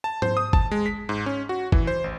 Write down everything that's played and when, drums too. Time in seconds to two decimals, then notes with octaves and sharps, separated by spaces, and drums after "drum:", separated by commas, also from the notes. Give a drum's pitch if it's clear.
0.04 A5
0.22 C5, drum: tom G#2
0.37 D#6
0.53 A5, drum: kick
0.71 G#3
0.86 B6
1.09 G#2
1.26 C#4
1.49 F#4
1.72 E3, drum: kick
1.87 C5
2.04 A1